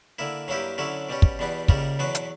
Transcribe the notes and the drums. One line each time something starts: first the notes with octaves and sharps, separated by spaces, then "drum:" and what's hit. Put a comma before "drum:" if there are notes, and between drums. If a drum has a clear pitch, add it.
D3 A#3 E4
G2 F#3 A#3 E4 G4
D3 F#3 C#4 E4
B2 G3 C#4
drum: kick
E2 B2 G3 B3
C#2 C#3 G3 A#3 C#4, drum: kick
E2 B2 F#3 B3 F#4
drum: hi-hat